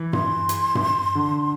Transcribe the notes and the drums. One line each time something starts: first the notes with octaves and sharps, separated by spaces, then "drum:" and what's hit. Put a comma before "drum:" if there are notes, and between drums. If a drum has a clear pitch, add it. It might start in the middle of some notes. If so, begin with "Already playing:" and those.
Already playing: E3
C6, drum: tom G2
drum: hi-hat
drum: tom G2
D3